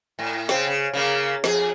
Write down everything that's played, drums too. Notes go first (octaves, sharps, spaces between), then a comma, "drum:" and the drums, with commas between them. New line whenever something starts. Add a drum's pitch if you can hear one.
A2
C#3 C4, drum: snare
C#3
C#3 A#3
F2 G#4, drum: snare